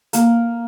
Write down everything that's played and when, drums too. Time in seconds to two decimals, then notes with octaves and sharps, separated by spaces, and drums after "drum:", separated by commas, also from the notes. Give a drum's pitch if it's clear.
0.13 A#3, drum: hi-hat